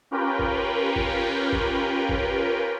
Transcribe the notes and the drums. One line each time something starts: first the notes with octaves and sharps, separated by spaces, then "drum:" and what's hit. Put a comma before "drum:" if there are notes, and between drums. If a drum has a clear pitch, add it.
C#4 F4 G4 A#4 B4 G5
drum: kick G1
drum: kick G1
drum: kick G1
drum: kick G1